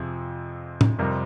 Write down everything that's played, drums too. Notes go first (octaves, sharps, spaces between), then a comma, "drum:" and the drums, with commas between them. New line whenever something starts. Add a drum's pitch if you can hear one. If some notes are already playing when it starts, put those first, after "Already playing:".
Already playing: F2 C3 F3 G#4
drum: tom
F2 C3 G3 A#4